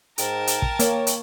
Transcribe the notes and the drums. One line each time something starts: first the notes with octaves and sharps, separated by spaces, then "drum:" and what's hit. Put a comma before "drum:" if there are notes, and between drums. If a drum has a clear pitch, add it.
G#2 A#4 G5 A5, drum: hi-hat
drum: hi-hat
drum: kick
A#3 C#5, drum: hi-hat
drum: hi-hat